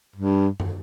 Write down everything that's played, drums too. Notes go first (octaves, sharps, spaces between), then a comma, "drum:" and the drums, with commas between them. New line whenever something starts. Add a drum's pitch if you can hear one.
G2
drum: tom F#2